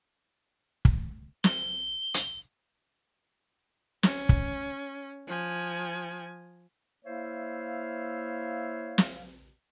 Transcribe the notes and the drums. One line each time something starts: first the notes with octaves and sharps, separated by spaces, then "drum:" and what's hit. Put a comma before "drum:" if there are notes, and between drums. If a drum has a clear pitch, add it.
drum: kick
G7, drum: snare
drum: hi-hat
C#4, drum: snare
drum: kick
F3 G#5
A#3 E4 C5 C#5 E5 F5
drum: snare